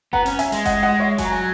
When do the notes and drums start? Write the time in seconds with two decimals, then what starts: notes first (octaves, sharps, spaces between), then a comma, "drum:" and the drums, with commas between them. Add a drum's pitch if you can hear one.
0.13 B3 F#5 A#5, drum: kick F#1
0.26 C#4, drum: hi-hat
0.39 E5 G#5, drum: hi-hat
0.52 G#3, drum: hi-hat
0.65 D#5 F#5, drum: kick F#1, hi-hat
0.83 D#5 F#5
1.00 C#5 E5
1.18 F#3 G#5, drum: kick F#1, hi-hat
1.25 A#5
1.32 G#5